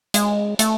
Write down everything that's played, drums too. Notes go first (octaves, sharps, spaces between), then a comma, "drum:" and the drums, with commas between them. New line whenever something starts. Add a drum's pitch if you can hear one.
G#3, drum: hi-hat
A3, drum: hi-hat